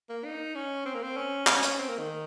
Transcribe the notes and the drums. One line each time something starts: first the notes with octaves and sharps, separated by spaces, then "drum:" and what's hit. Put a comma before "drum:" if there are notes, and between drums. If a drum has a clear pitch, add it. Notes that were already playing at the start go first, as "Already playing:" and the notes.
A#3
D#4
C#4
C4
A#3
C4
C#4
C#4, drum: clap
C#4, drum: hi-hat
C4
A#3
D#3